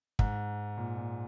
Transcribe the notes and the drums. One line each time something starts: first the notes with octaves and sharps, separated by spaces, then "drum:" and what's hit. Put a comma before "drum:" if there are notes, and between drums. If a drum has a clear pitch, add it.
G#2, drum: kick
A#2
A#2